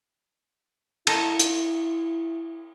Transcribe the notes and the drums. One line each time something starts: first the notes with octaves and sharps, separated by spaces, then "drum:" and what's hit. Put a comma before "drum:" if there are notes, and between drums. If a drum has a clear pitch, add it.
E4 A4 A#4 D#5, drum: cymbal
drum: hi-hat